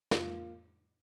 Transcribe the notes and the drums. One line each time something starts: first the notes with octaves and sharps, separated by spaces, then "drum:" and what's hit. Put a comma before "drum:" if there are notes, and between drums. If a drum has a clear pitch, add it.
A#3 F4, drum: snare